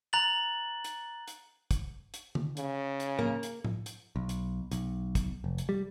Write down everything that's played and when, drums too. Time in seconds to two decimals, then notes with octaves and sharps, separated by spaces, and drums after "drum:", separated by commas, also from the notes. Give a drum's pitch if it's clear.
0.13 A#5 F#6 A6 F#7
0.84 drum: hi-hat
1.28 drum: hi-hat
1.71 drum: kick, hi-hat
2.14 drum: hi-hat
2.35 drum: tom D3
2.57 C#3, drum: hi-hat
3.00 drum: hi-hat
3.19 A#3, drum: tom A2
3.43 drum: hi-hat
3.64 drum: tom A2
3.86 drum: hi-hat
4.16 B1
4.29 drum: hi-hat
4.72 B1, drum: hi-hat
5.15 drum: kick, hi-hat
5.44 F1
5.58 drum: hi-hat
5.69 G3